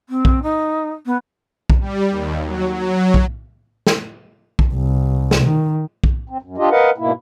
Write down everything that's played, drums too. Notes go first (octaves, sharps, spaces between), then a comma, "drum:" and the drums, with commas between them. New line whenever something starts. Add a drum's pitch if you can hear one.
C4
drum: kick
D#4
B3
drum: kick
G3
D#2
F#3
F#3
drum: kick
drum: snare
drum: kick
C2
drum: snare
D#3
drum: kick
C4
F#2
D4 F4 G4 D#5
A#4 B4 D#5 F5 F#5
G#2 B2 A#3 E4